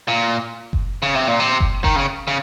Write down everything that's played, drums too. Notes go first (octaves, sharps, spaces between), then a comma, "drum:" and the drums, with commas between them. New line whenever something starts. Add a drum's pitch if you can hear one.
A#2
drum: kick F#1
C#3
C3
A#2
C3
drum: kick F#1
D#3, drum: kick F#1
C#3
C#3